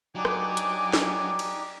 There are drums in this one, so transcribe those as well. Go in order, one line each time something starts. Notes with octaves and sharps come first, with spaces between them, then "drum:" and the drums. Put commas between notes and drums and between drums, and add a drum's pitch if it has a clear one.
F#3 D4 D#4 G4 G#5 D6
drum: rim click
drum: hi-hat
drum: snare
drum: cymbal